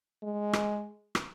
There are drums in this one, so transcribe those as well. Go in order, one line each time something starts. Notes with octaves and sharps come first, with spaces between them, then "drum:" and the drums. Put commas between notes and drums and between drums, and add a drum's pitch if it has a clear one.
G#3
drum: rim click
drum: rim click